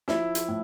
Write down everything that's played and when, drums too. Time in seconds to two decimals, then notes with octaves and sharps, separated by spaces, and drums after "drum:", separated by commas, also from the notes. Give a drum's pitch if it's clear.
0.08 F3 E4, drum: snare
0.35 drum: hi-hat
0.48 A2